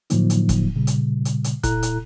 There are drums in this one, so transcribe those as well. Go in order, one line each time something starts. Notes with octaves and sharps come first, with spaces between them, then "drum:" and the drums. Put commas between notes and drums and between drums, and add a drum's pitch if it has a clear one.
A2 D3 F3 F#3 A#3 D#4, drum: hi-hat
drum: hi-hat
drum: kick F1, hi-hat
A#2 C#3 G3
drum: hi-hat
drum: hi-hat
drum: hi-hat
A#2 E4 A4 A#5 F#6, drum: kick F1, hi-hat
drum: hi-hat